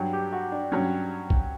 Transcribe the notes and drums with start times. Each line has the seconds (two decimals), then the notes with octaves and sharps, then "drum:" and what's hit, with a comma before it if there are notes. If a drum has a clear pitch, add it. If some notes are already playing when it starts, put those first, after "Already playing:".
Already playing: G2 F#3
0.13 G4
0.32 F#4
0.52 D4
0.72 G2 F#3 C#4
1.30 drum: kick A#1